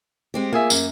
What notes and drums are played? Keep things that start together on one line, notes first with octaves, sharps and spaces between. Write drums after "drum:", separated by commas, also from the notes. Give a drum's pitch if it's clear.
G#3 C4 G4
A#3 F4 G#4 E5
F#2, drum: tambourine